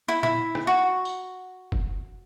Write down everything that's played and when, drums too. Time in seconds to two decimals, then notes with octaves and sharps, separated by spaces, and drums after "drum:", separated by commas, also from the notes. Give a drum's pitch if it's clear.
0.08 E4
0.23 E4, drum: tom A#2
0.55 drum: rim click
0.67 F#4
1.05 drum: tambourine
1.72 drum: kick